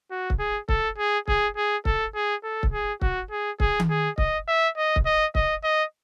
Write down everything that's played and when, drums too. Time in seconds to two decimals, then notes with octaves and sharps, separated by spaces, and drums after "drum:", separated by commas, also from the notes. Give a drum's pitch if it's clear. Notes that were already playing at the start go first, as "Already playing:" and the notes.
0.11 F#4
0.30 drum: kick C#1
0.39 G#4
0.69 A4, drum: kick C#1
0.98 G#4
1.28 G#4, drum: kick C#1
1.56 G#4
1.85 A4, drum: kick C#1
2.15 G#4
2.43 A4
2.63 drum: kick C#1
2.72 G#4
3.02 F#4, drum: kick C#1
3.31 G#4
3.60 G#4, drum: kick C#1
3.80 drum: tom D#3
3.89 G#4
4.18 D#5, drum: kick C#1
4.48 E5
4.77 D#5
4.96 drum: kick C#1
5.05 D#5
5.35 D#5, drum: kick C#1
5.63 D#5